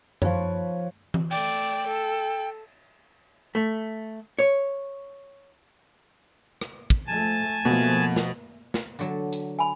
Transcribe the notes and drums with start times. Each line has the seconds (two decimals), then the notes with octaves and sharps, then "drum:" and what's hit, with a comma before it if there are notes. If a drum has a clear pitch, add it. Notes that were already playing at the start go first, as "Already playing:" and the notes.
0.22 F3 B4 C#5, drum: tom F#2
1.14 drum: tom E3
1.31 A3 D5 G5, drum: cymbal
1.87 A4
3.55 A3
4.39 C#5
6.61 drum: rim click
6.90 drum: kick
7.07 F3 A3 G#5 A5
7.65 B2 F3 A3 A#3
8.16 drum: snare
8.74 drum: snare
8.99 D3 F#3 A5
9.33 drum: hi-hat
9.59 G#5 B5